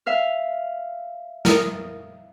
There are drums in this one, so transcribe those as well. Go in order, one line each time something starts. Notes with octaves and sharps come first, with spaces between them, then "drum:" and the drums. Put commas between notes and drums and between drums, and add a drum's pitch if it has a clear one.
E5 F5 F6
A#4 D#6, drum: snare